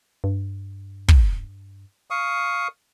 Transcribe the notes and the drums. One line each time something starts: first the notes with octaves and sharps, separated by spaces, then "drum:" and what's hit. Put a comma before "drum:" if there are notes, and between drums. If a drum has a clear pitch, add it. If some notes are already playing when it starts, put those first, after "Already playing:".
G2
drum: kick
F5 C#6 D#6